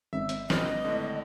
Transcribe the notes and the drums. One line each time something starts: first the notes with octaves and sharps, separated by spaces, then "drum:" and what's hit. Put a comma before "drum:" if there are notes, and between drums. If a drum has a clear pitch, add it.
G#1 E5
drum: hi-hat
B4 D#5 D6 F6, drum: snare
A2 D3